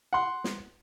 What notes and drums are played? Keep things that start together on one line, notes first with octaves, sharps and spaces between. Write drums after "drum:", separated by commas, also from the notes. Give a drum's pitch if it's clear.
F#5 C6
drum: snare